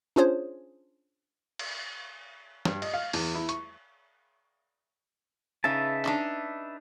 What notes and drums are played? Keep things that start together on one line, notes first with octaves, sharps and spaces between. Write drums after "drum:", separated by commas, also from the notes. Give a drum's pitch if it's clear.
C#4 D4 F4 G#4 C5 C#5
drum: cymbal
G2, drum: snare
D#5, drum: cymbal
F5
E2, drum: open hi-hat
E4
C#6, drum: hi-hat
C#3 D#4 B4 E5 A5
D4 D#4, drum: clap